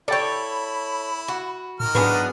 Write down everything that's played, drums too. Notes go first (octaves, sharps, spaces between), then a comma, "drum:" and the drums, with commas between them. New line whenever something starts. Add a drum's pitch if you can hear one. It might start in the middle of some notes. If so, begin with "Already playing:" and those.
E4 A4 C#5 D5 G5 B5
F#4
D#3 A#4 F6, drum: tom
F#3 B3 D4 G#4 B4, drum: tom G2